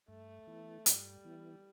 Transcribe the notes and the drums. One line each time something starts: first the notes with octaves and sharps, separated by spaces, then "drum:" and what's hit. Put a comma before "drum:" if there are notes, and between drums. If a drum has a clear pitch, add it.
G2 A3
E3 B3 E4
G2 G3, drum: hi-hat
E3 B3 E4